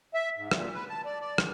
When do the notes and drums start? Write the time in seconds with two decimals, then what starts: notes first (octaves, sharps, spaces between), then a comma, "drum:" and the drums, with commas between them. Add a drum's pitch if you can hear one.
0.14 E5
0.37 G#2
0.51 A#2, drum: rim click
0.74 B4
0.89 A5
1.05 D5
1.21 D5
1.38 D#3, drum: rim click